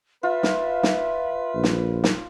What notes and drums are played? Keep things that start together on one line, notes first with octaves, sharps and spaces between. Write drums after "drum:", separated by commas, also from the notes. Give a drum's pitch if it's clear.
F4 B4 E5
drum: snare
drum: snare
A#1
drum: snare
drum: snare